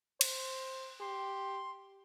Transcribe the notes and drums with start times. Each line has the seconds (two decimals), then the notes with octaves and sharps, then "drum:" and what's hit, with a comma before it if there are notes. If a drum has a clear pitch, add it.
0.21 C5, drum: cymbal
1.01 G4 C6